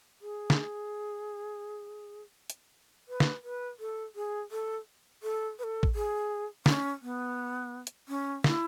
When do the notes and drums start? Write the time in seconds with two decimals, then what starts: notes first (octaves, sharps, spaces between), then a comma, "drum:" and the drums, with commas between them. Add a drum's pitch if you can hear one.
0.21 G#4
0.50 drum: snare
2.50 drum: hi-hat
3.08 B4
3.20 drum: snare
3.44 B4
3.80 A4
4.16 G#4
4.52 A4
5.23 A4
5.59 B4
5.64 A4
5.83 drum: kick
5.95 G#4
6.66 C#4, drum: snare
7.02 B3
7.87 drum: hi-hat
8.08 C#4
8.44 E4, drum: snare